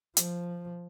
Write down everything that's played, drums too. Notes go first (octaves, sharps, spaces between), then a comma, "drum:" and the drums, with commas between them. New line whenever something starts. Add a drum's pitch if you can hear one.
F3, drum: hi-hat